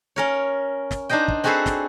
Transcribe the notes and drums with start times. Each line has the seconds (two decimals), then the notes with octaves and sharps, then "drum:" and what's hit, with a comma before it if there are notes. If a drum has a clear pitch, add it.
0.16 C#4 A#4 C#5
0.91 drum: snare
1.09 D4 D#4 C5 D#5 G5
1.28 drum: kick
1.44 C4 F#4 G#4 A4 B4 C5
1.66 drum: snare